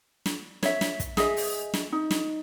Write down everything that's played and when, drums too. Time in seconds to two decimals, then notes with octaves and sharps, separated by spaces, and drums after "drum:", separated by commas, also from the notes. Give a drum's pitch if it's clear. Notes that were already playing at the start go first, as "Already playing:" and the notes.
0.26 drum: snare
0.63 C#5 E5, drum: snare
0.81 drum: snare
1.00 drum: kick, hi-hat
1.17 G#4 D#5 E5, drum: snare
1.37 drum: open hi-hat
1.74 drum: snare
1.92 D#4
2.11 drum: snare